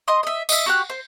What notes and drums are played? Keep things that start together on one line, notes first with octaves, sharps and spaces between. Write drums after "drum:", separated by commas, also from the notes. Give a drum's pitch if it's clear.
D#5 C6 D#6
D#5 E5
D#5 E5, drum: tambourine
F#4 G4 F#6
C5